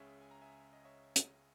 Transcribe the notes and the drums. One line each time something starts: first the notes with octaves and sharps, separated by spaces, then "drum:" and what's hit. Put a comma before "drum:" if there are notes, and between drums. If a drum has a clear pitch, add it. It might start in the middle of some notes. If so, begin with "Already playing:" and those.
Already playing: C#2 C#3 G#3 C#4 C#5 E5
G#5
A#5
E5 G#5
D#5
C#5 E5
drum: hi-hat